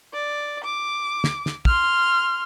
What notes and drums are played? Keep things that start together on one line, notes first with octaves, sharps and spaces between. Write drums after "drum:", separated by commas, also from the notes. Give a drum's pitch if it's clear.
D5
D6
drum: snare
drum: snare
C6 F6, drum: kick